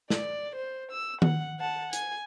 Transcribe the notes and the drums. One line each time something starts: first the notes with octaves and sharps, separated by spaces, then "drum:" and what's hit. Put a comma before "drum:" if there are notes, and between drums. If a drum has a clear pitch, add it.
D5, drum: snare
C5
E6
F#5, drum: tom D#3
F#5 A5
G#5, drum: hi-hat